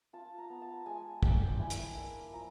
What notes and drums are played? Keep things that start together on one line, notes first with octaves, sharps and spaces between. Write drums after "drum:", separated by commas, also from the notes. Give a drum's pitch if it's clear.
F4 A5
A#5
B3
A5
G#3 G#5
D4 G5, drum: kick
E4 G#5
drum: hi-hat
A#3
F3 A#5